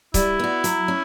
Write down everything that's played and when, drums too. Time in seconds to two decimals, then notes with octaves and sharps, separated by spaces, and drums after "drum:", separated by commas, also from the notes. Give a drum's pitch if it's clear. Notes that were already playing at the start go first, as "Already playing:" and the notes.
0.14 G3 E4, drum: kick C#1, hi-hat
0.39 B3 F#4
0.64 F#3, drum: hi-hat
0.88 C#4